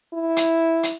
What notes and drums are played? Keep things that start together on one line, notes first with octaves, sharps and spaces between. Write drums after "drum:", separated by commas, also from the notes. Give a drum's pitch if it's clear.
E4
drum: hi-hat
drum: hi-hat